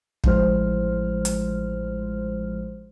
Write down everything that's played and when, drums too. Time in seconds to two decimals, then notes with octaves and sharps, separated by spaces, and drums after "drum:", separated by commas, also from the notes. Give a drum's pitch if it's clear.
0.24 A1 F3 G#3 E4 C5 F6, drum: kick
1.25 drum: hi-hat